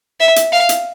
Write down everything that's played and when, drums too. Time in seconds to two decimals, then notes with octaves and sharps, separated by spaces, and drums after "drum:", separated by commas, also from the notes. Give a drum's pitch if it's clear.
0.20 E5
0.36 drum: hi-hat
0.52 F5
0.69 drum: hi-hat